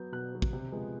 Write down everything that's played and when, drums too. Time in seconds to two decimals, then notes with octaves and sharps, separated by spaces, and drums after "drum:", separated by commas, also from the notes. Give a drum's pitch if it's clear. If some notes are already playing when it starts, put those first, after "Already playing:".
Already playing: F#3 B3 G6
0.12 B2 F#6
0.32 F#3 B3
0.42 drum: kick
0.53 C3
0.72 F3 G#3 B3